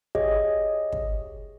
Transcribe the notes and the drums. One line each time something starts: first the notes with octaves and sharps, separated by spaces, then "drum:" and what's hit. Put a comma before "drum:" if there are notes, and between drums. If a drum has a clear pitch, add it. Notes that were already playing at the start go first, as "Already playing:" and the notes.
G4 G#4 C#5 D#5 E5, drum: kick
drum: kick